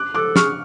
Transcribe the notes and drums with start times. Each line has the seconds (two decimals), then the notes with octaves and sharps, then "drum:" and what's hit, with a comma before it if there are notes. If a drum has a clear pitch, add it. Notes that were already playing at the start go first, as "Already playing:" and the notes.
Already playing: D6 F#6
0.14 A4 D6 F#6
0.36 G#4 C#6 F6, drum: snare